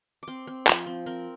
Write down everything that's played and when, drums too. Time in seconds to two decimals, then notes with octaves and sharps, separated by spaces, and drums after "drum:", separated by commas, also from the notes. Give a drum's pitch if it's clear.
0.23 C4 C6 D6
0.47 C4
0.67 F3, drum: clap
0.86 C4
1.06 C4 A#4